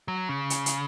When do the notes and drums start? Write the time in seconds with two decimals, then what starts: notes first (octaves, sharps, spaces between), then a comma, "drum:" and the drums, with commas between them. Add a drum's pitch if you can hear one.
0.08 F#3
0.29 C#3
0.50 drum: hi-hat
0.66 drum: hi-hat